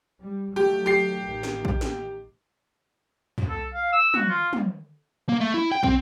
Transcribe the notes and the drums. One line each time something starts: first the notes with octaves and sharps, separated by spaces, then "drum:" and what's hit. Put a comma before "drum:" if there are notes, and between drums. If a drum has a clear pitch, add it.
G3
D#3 F#3 A3 G4
G4 C7
A1 D#3
drum: snare
drum: kick
drum: snare
drum: tom
A4
F5
E6
F#4, drum: tom
F4
drum: tom
A#3
A3
E4
G5
C4, drum: kick